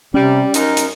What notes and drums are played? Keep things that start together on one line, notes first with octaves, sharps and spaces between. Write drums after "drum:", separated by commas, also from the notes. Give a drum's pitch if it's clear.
C3 G3 C#4
F#2 G3 D#4 A#4, drum: hi-hat
drum: hi-hat